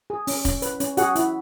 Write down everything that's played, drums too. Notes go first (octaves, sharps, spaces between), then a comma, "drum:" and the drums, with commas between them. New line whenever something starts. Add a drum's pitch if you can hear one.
G#4
C#4, drum: open hi-hat
C#4, drum: kick, hi-hat
B4, drum: hi-hat
C#4, drum: hi-hat
F#4 G#4 F#5, drum: hi-hat
E4, drum: hi-hat